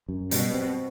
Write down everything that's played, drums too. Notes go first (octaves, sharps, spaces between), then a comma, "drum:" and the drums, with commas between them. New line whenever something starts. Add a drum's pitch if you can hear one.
F#2
B2 G3, drum: hi-hat
C4